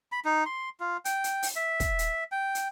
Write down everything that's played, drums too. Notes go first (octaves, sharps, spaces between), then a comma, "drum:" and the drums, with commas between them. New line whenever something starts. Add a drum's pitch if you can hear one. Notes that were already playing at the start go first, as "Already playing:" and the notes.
B5
D#4
C6
F4
G5, drum: hi-hat
drum: hi-hat
drum: open hi-hat
E5
drum: kick, hi-hat
drum: hi-hat
G5
drum: hi-hat